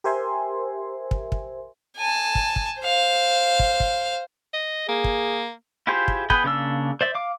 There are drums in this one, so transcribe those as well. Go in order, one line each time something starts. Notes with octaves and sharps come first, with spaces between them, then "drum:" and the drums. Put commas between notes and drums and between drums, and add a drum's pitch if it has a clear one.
G4 A#4 C5 E5 G#5 C6
drum: kick
drum: kick
G#5 A5
drum: kick
drum: kick
C5 F5
drum: kick
drum: kick
D#5
A#3 G#4
drum: kick
E4 F4 G4 G#4 C5
drum: kick
B3 G#4 B4 G5, drum: kick
C#3 A#3 D4 E6
C5 D5 E5
F5 D6